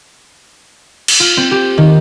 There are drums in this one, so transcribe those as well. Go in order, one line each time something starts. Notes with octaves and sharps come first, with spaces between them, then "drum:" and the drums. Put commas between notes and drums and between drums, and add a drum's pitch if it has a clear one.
drum: cymbal
F4
C4
G4
D#3